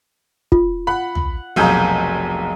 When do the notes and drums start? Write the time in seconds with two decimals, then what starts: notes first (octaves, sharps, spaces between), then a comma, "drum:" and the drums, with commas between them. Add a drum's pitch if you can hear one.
0.52 F4, drum: kick
0.87 F#5 B5
1.15 drum: tom
1.56 F1 B1 A#3 G#4 E6 G6